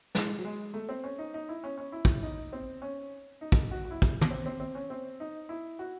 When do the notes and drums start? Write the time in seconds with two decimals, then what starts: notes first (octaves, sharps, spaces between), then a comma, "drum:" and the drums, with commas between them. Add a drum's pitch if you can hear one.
0.15 G#3, drum: snare
0.39 F#3
0.45 G#3
0.74 A3
0.89 C4
1.04 C#4
1.18 D#4
1.34 D#4
1.49 E4
1.64 C#4
1.78 C#4
1.92 E4
2.05 drum: kick
2.23 D#4
2.53 C4
2.82 C#4
3.41 D#4
3.52 drum: kick
3.71 F#4
3.85 F#4
3.91 E4
4.02 drum: kick
4.21 drum: tom
4.31 C4
4.46 C4
4.60 C4
4.75 C#4
4.90 C4
5.20 D#4
5.49 E4
5.79 F#4